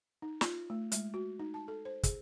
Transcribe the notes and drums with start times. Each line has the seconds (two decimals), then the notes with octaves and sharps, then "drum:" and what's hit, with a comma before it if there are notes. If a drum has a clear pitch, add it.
0.22 D#4
0.41 F4, drum: snare
0.70 A3
0.92 G#3, drum: hi-hat
1.14 F#4
1.39 D#4
1.54 A5
1.68 A4
1.85 C5
2.03 G#4, drum: kick, hi-hat